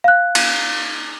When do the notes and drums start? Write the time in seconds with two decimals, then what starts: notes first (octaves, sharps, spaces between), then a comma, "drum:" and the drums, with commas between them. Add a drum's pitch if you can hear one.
0.04 F5 F#6
0.35 drum: cymbal